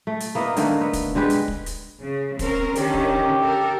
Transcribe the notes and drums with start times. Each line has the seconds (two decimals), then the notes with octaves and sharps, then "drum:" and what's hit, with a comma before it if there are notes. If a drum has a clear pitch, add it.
0.07 A3
0.20 drum: hi-hat
0.35 A#3 B3 E4 D#5
0.56 D3 D#3 A3 A#3, drum: hi-hat
0.81 B3
0.93 drum: kick, hi-hat
1.15 D3 G#3 G4 B4
1.30 drum: hi-hat
1.48 drum: kick
1.66 drum: hi-hat
2.00 C#3
2.39 C4 C#4 A#4, drum: kick, hi-hat
2.75 D3 D#3 C#4 G4, drum: hi-hat
2.94 drum: kick
3.40 A4 A#4